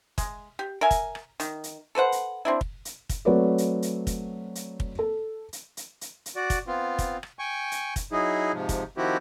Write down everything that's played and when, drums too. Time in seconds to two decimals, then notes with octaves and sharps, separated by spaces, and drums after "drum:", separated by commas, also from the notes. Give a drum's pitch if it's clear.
0.18 G#3, drum: kick, hi-hat
0.59 G4
0.81 A#4 E5 G#5
0.91 drum: kick, hi-hat
1.15 drum: rim click
1.40 D#3, drum: hi-hat
1.64 drum: hi-hat
1.95 A4 B4 C5 F#5
2.12 drum: hi-hat
2.45 C4 D4 E4
2.61 drum: kick
2.85 drum: hi-hat
3.09 drum: kick, hi-hat
3.25 F#3 A3 C4 B4 C#5 D5
3.58 drum: hi-hat
3.82 drum: hi-hat
4.07 drum: kick, hi-hat
4.55 drum: hi-hat
4.80 drum: kick
4.99 A4
5.53 drum: hi-hat
5.77 drum: hi-hat
6.01 drum: hi-hat
6.26 drum: hi-hat
6.36 F#4 D5
6.50 drum: kick, hi-hat
6.67 B3 C4 F4
6.99 drum: kick, hi-hat
7.23 drum: rim click
7.39 G5 G#5 C#6
7.72 drum: hi-hat
7.96 drum: kick, hi-hat
8.12 F#3 D#4 E4 G#4
8.53 G#2 C3 F3
8.69 drum: kick, hi-hat
8.97 D#3 F3 C4 E4 F#4 G4